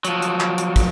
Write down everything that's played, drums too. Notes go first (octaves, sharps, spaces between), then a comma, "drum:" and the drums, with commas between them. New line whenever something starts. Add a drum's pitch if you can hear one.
F3 F#3, drum: hi-hat
drum: hi-hat
drum: clap
drum: hi-hat
drum: kick, hi-hat